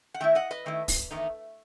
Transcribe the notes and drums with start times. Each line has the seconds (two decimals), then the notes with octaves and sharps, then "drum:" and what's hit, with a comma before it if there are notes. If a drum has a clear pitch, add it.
0.14 F#5
0.20 D#3 A3 E4 E5 G5
0.35 D#5 F#5
0.51 B4 D#5
0.66 D#3 A3 E4
0.88 drum: kick, open hi-hat
1.11 E2 D#3 A3 D#4